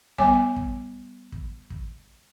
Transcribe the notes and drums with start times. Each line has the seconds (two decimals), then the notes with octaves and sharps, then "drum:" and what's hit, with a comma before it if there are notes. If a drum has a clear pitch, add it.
0.18 G3 B3 C#5 G#5 D6, drum: kick
0.56 drum: kick
1.32 drum: kick
1.70 drum: kick